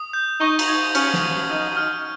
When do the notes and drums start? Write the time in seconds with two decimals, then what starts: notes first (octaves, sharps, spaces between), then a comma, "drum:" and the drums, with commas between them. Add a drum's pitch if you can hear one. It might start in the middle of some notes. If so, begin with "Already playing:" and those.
Already playing: D#6
0.13 G6
0.41 D#4 C#6
0.59 drum: cymbal
0.68 G#6
0.95 C#4 F6, drum: cymbal
1.14 drum: snare
1.23 D#7
1.50 D#4 F6
1.77 F6